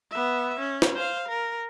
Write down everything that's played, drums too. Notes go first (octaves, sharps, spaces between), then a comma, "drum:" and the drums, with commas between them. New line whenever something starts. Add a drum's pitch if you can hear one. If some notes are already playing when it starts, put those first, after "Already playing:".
B3 E5
C#4
drum: snare
C5 F5
A#4